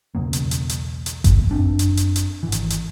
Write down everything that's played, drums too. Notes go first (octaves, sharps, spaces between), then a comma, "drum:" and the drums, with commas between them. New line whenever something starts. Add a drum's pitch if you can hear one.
B1 E2 C#3 A#3
drum: hi-hat
drum: hi-hat
drum: hi-hat
drum: hi-hat
drum: kick G1, hi-hat
F#2 C4 D4
drum: hi-hat
drum: hi-hat
drum: hi-hat
G#1 E3
drum: hi-hat
drum: hi-hat